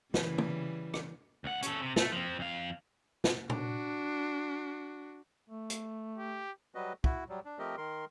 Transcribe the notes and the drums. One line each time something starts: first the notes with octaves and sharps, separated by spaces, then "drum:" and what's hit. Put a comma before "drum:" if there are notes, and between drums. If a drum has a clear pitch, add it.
C#3 E3 G3, drum: snare
drum: tom
drum: rim click
C#2 F#5
C#4 A4, drum: hi-hat
C3
A3, drum: snare
F3 C4
F2 F5
drum: snare
D4 F#4, drum: tom A#2
A3
drum: hi-hat
G4
F#3 G3 F#4 B4 D#5
E4 F#4, drum: kick
F#3 G3
D4
F3 A3 C4 G4 A#4 D#5
D#3 A#4 C6